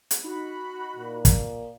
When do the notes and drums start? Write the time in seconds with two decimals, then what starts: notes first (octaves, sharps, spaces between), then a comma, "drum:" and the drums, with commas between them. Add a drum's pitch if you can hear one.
0.11 drum: hi-hat
0.24 D#4 F#4 B5
0.96 A#2
1.25 drum: kick, hi-hat